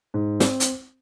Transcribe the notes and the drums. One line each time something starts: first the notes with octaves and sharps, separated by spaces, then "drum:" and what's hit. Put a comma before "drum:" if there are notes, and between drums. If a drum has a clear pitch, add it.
G#2
C4, drum: snare
drum: hi-hat